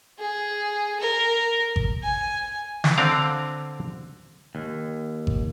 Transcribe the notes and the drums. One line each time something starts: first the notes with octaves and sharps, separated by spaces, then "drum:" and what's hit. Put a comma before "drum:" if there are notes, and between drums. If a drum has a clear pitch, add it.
G#4
A#4
drum: kick G#1
G#5
drum: snare
D3 C4 D5 F5 A#5
D#2
drum: kick G#1